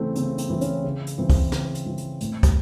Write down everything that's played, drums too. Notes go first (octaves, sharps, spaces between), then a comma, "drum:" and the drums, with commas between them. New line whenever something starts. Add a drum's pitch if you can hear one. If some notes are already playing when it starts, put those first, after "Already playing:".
Already playing: C#3 E3 A3 C4 E4
C#3 C4, drum: hi-hat
C4, drum: hi-hat
E3
C#4, drum: hi-hat
C#3
drum: hi-hat
E3 C4
drum: kick, open hi-hat
C#3, drum: snare
drum: hi-hat
E3
drum: hi-hat
A2, drum: hi-hat
drum: kick, hi-hat